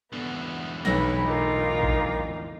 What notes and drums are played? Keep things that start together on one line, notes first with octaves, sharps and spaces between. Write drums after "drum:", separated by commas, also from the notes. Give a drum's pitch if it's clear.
E2 D3 B3
B1 B4 C#5 A#6, drum: snare
D#4 F4 A#4 D6
drum: kick A#1